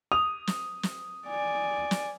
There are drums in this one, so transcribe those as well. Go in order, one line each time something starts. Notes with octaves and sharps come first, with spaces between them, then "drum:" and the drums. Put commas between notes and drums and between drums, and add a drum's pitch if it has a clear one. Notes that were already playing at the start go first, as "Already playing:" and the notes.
D#6 F7
drum: snare
drum: snare
D5 G#5
drum: snare